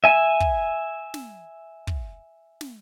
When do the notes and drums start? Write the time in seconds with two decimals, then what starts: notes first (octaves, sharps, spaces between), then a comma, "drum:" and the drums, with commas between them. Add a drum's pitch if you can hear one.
0.04 E5 G#5
0.40 drum: kick
1.14 drum: snare
1.87 drum: kick
2.61 drum: snare